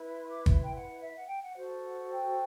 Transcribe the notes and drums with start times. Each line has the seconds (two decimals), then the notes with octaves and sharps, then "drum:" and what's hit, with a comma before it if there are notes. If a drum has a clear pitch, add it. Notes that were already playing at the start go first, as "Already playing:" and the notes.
Already playing: E4 B4
0.09 C6
0.28 D6
0.46 C6, drum: kick G1
0.62 G5
0.73 F#5
1.01 E5
1.14 F#5
1.28 G5
1.42 F#5
1.55 F#4 A4 C5
1.83 F#5
1.98 F#5
2.10 G5